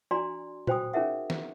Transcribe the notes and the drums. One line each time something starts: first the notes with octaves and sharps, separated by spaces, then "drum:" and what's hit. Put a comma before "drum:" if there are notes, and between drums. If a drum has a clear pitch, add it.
D4 F#4 D5 G#5 A#5 C6
F#4 C5 G5 G#5 D#6, drum: tom
C#4 D#4 G#4 A#4 E5 F#5
drum: snare